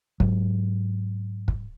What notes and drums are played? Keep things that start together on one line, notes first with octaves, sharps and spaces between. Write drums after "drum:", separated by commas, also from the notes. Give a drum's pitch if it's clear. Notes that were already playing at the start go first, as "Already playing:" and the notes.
G#2 F#3, drum: kick
drum: kick